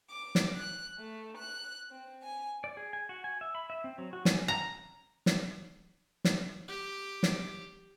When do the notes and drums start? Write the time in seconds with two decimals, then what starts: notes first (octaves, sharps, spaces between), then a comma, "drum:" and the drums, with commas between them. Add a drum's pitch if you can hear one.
0.10 D6
0.35 drum: snare
0.55 F#6
0.97 A3
1.37 F#6
1.91 C4
2.22 G#5
2.64 D5
2.77 G#4
2.93 G#5
3.09 F#4
3.24 G#5
3.41 E5
3.55 B5
3.70 E5
3.84 C4
3.98 F#3
4.13 F#4
4.25 G#5, drum: snare
4.48 A#5
5.26 drum: snare
6.24 drum: snare
6.68 G4
7.23 drum: snare